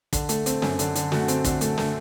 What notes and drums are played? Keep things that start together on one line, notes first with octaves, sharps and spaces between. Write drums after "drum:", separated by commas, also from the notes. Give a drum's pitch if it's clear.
D3, drum: kick, hi-hat
A3, drum: hi-hat
C4, drum: hi-hat
F#2, drum: snare
D3, drum: hi-hat
D3, drum: hi-hat
A3 F#4, drum: snare
C4, drum: hi-hat
D3, drum: kick, hi-hat
A3, drum: hi-hat
A3, drum: snare